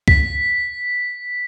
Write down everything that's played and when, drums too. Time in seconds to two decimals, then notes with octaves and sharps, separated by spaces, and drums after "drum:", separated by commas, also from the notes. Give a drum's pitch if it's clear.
0.08 B6, drum: kick C#2